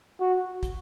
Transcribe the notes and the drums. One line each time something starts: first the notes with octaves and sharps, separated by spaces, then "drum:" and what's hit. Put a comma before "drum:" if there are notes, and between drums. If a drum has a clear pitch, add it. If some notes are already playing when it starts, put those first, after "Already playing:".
F#4
drum: kick, hi-hat